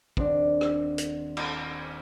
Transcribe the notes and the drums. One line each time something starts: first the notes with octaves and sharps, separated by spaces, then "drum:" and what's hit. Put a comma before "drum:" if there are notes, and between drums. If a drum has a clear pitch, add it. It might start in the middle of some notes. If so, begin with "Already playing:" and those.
D#1 C4 D4 D5, drum: kick
drum: rim click
drum: hi-hat
drum: cymbal